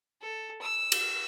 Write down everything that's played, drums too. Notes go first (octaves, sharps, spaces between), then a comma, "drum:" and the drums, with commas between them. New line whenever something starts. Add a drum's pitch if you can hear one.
A4
E6
drum: cymbal